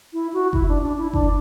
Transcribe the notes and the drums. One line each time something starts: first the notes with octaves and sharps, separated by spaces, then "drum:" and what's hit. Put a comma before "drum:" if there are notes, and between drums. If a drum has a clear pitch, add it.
E4
F#4
E4, drum: kick F#1
D4
D4
E4
D4, drum: kick F#1